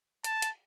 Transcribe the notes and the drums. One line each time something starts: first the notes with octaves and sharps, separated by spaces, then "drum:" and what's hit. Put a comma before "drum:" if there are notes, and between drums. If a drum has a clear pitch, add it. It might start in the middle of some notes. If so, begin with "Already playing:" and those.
A5, drum: hi-hat
drum: hi-hat